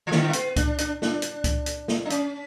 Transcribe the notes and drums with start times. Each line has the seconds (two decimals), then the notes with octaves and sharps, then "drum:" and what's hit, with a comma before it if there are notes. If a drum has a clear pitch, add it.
0.07 E3
0.11 D3, drum: snare
0.29 A3
0.33 B3, drum: hi-hat
0.56 D4, drum: kick C#2, hi-hat
0.78 D4, drum: hi-hat
1.02 D4, drum: snare
1.22 drum: hi-hat
1.44 drum: kick C#2, hi-hat
1.66 drum: hi-hat
1.88 drum: snare
2.05 D4
2.10 C#4, drum: hi-hat